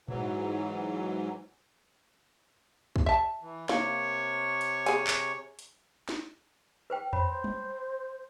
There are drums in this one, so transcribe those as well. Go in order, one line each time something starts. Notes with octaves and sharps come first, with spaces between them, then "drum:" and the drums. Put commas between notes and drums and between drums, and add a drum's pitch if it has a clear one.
G#2 E3 F#3, drum: tom A#2
drum: kick
E5 A5
E3
C3 A#3 C#5 C#6, drum: snare
drum: hi-hat
G#4 G#5, drum: hi-hat
drum: clap
drum: hi-hat
drum: snare
B4 C5 G5
C5 C#5 B5, drum: tom E2
drum: tom G3